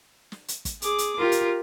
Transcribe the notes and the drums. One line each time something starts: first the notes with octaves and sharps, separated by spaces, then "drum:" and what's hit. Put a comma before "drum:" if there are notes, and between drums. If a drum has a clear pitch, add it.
drum: snare
drum: hi-hat
drum: kick, hi-hat
G#4 D6, drum: hi-hat
drum: hi-hat
F4 G4 A#4
drum: hi-hat